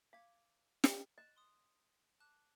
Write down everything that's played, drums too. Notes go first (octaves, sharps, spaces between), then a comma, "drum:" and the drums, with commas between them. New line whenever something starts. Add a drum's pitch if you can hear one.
F5 D6 G#6 C#7
drum: snare
D#5 F#6 E7
C6 D#6
A5 D6 F#6